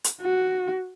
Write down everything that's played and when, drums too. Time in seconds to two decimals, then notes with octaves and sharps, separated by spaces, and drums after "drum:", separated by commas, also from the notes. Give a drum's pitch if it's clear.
0.04 drum: hi-hat
0.22 F#4